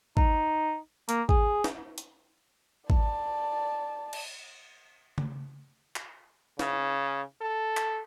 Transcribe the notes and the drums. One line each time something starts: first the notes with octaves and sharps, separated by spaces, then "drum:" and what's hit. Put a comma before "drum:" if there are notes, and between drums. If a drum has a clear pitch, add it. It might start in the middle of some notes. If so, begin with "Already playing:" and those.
D#4, drum: kick
A#3, drum: hi-hat
G#4, drum: kick
drum: snare
drum: hi-hat
D5 A5, drum: kick
drum: cymbal
drum: tom C#3
drum: clap
C#3, drum: snare
A4
drum: clap